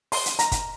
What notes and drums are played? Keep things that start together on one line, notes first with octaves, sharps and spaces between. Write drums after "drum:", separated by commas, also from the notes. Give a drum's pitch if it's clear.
C6, drum: open hi-hat
drum: hi-hat
A#5, drum: hi-hat
drum: kick, hi-hat